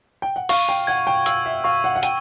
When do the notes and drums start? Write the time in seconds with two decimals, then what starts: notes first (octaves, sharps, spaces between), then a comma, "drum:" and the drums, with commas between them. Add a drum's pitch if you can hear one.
0.22 G5
0.36 F#5
0.49 F5 C#6, drum: open hi-hat
0.69 G5
0.87 F#5 G#6
1.07 G5
1.26 F5 E6, drum: hi-hat
1.46 E5
1.64 F5 C#6
1.84 F#5
1.96 F#5
2.03 G5 D#7, drum: hi-hat